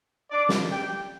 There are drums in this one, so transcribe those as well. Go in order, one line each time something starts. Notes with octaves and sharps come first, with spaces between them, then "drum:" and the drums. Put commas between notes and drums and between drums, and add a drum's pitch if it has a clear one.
D4 D5
drum: snare
G4 G5